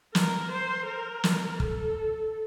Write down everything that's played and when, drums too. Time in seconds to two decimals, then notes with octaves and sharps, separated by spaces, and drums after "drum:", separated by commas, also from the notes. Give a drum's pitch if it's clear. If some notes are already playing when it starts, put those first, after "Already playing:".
0.15 A#4, drum: snare
0.51 C5
0.87 A#4
1.24 drum: snare
1.60 A4, drum: kick